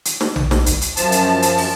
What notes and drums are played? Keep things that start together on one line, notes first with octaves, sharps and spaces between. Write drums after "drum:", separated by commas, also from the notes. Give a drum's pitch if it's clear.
drum: hi-hat
drum: snare
drum: tom A#1
drum: snare
drum: kick, hi-hat
drum: hi-hat
F#2 F3 A5, drum: hi-hat
drum: hi-hat
drum: hi-hat
drum: open hi-hat